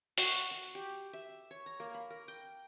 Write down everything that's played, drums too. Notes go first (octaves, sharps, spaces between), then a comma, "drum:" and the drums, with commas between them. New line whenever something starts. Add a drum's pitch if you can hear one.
F#4, drum: open hi-hat
C#6
G4
E5
C#5
A#5
A#3
B5
A#4
G5